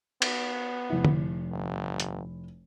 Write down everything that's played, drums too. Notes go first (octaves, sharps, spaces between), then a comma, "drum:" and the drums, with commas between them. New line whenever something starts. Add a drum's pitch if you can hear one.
B3, drum: cymbal
F1 E4
drum: tom D3
G1
drum: hi-hat